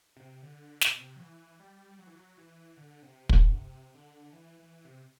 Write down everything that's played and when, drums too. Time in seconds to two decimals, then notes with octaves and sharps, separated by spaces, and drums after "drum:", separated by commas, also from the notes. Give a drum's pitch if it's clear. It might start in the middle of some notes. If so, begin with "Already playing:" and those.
0.16 C3
0.43 D3
0.81 C3, drum: snare
0.90 B2
0.99 C3
1.16 F#3
1.20 E3
1.60 G3
1.99 F#3
2.07 E3
2.15 F#3
2.38 E3
2.77 D3
3.03 C3
3.29 C3, drum: kick
3.48 D3
3.55 C3
3.94 D3
4.33 E3
4.59 E3
4.85 C3